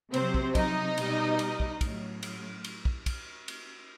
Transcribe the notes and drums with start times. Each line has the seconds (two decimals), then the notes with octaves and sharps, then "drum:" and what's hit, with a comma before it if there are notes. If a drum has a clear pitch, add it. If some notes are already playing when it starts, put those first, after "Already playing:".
0.14 C3 F#3 C4 C5, drum: cymbal
0.34 drum: kick
0.55 D#4 D#5, drum: kick, cymbal
0.98 B2 G3, drum: cymbal
1.39 drum: cymbal
1.60 drum: kick
1.81 A2 F#3, drum: kick, cymbal
2.23 drum: cymbal
2.64 drum: cymbal
2.85 drum: kick
3.06 drum: kick, cymbal
3.48 drum: cymbal